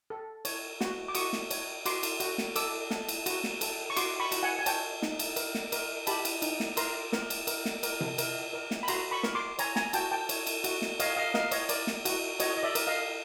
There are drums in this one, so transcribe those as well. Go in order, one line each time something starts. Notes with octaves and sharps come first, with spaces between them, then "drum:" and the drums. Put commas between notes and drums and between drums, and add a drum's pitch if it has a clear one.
A4
C#5, drum: cymbal
F#4, drum: snare
D6
F#4 C#6 D#6, drum: cymbal
drum: snare
C#5, drum: cymbal
F#4 C6 D6, drum: cymbal
drum: cymbal
F#4, drum: cymbal
drum: snare
A4 D6 E6, drum: cymbal
A4, drum: snare
drum: cymbal
F#4, drum: cymbal
drum: snare
A4, drum: cymbal
C#6
F#4 C6 D6, drum: cymbal
B5 C#6
F#4, drum: cymbal
F#5 G#5
G#5
C#5 G5 A5, drum: cymbal
D#4, drum: snare
drum: cymbal
A#4, drum: cymbal
drum: snare
A#4, drum: cymbal
G4 A5 B5, drum: cymbal
drum: cymbal
D#4, drum: cymbal
drum: snare
A#4 A#5 C6, drum: cymbal
A#4, drum: snare
drum: cymbal
A#4, drum: cymbal
drum: snare
A#4, drum: cymbal
drum: tom C3
A#4, drum: cymbal
A#4
drum: snare
B5
F#4 A#5 C6, drum: cymbal
B5 C#6
A#4, drum: snare
C6 D6
C#5 G#5 A#5, drum: cymbal
G#5 A#5, drum: snare
F#4 G5 A5, drum: cymbal
G5 A5
C#5, drum: cymbal
drum: cymbal
F#4, drum: cymbal
drum: snare
C#5 D#5 F5, drum: cymbal
D#5 F5
A#4 D#5 F5, drum: snare
C#5 D#5, drum: cymbal
A#4 D5, drum: cymbal
drum: snare
F#4, drum: cymbal
F#4 C#5 D#5, drum: cymbal
D#5
D5 E5
A#4, drum: cymbal
D#5 F5